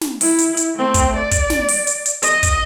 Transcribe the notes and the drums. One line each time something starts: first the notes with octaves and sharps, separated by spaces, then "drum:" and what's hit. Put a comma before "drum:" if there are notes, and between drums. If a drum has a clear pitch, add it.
drum: snare
E4, drum: open hi-hat
drum: hi-hat
drum: hi-hat
A3 C4
drum: kick, hi-hat
D5
drum: kick, hi-hat
drum: snare
drum: open hi-hat
drum: hi-hat
drum: hi-hat
D#5, drum: hi-hat
drum: kick, hi-hat